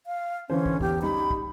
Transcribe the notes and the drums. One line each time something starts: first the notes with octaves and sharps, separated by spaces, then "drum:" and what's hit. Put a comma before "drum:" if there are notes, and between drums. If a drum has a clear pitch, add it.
F5
D3 E3 C#4 C5
drum: kick
E2 G4, drum: kick
G3 D#4 B5
drum: kick